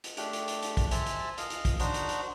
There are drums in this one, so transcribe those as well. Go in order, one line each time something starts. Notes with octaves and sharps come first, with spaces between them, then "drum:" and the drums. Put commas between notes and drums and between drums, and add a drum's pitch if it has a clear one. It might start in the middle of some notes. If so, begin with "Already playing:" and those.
drum: hi-hat
A3 D4 G4, drum: hi-hat
drum: hi-hat
drum: hi-hat
drum: hi-hat
drum: kick, hi-hat
C5 E5 G#5 A5, drum: hi-hat
drum: hi-hat
D#5 F5, drum: hi-hat
drum: hi-hat
drum: kick, hi-hat
D4 D#4 F#4 C5, drum: hi-hat
drum: hi-hat
drum: hi-hat